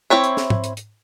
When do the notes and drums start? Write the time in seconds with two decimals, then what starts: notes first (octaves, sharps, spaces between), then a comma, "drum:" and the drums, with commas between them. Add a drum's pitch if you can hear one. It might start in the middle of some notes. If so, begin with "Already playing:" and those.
0.10 C4 E4 C#5 E5
0.24 drum: hi-hat
0.37 drum: snare
0.50 drum: tom
0.64 drum: hi-hat
0.77 drum: hi-hat